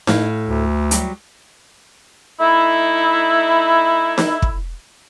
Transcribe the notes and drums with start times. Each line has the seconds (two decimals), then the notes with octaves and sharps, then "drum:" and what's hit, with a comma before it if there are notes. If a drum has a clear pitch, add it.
0.07 A2 F5, drum: snare D#4
0.48 D2
0.91 F#3 G3 G4, drum: hi-hat
2.40 A3 D#4 E4
4.18 drum: snare D#4
4.42 drum: kick